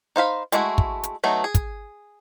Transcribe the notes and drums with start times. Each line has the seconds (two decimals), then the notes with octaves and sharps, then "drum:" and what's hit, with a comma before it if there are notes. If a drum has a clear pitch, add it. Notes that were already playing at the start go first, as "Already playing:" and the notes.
0.16 D#4 C5 F5 B5
0.52 G#3 A3 D4 E4 F#4, drum: hi-hat
0.78 drum: kick
1.03 drum: hi-hat
1.24 F#3 A3 B3 D#4
1.44 G#4
1.55 drum: kick, hi-hat